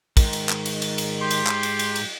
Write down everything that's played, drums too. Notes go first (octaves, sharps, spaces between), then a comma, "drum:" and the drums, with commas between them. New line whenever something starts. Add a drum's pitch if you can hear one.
G#2 D#3, drum: kick, cymbal
drum: cymbal
drum: clap
drum: cymbal
drum: cymbal
drum: cymbal
G4 C6
drum: cymbal
drum: clap
drum: cymbal
drum: cymbal
drum: cymbal